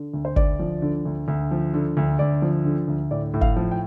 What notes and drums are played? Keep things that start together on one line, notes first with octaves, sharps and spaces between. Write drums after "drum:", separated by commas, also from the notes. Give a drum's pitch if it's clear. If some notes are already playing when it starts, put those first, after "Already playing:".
Already playing: D3
D2
C5
D2 D5, drum: kick
F3
D3
D2
D2
F3
D3
D2
D2 D5
F3
D3
D2
A2 D5
A2
F5, drum: kick
F3
G5